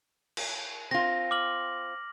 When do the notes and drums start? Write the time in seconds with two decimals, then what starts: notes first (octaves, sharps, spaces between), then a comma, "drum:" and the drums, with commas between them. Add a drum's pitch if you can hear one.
0.37 drum: cymbal
0.91 C4 F4 A#6
1.31 D6 F6 F#7